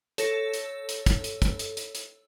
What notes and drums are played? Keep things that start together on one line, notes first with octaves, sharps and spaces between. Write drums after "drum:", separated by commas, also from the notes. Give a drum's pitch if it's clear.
A4 C#5 A#6 C#7, drum: hi-hat
drum: hi-hat
drum: hi-hat
drum: kick, hi-hat
drum: hi-hat
drum: kick, hi-hat
drum: hi-hat
drum: hi-hat
drum: hi-hat